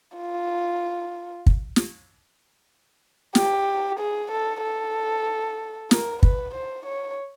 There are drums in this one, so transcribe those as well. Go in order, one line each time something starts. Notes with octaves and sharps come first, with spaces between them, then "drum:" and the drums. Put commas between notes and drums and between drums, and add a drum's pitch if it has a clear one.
F4
drum: kick
drum: snare
G4, drum: snare
G#4
A4
A4
A#4, drum: snare
B4, drum: kick
C5
C#5